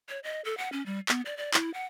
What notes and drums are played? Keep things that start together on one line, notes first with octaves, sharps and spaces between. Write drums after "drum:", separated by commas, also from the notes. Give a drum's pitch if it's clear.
C#5
D#5
A4
F#5
C#4
G3
B3, drum: clap
D5
D5
E4, drum: clap
F#5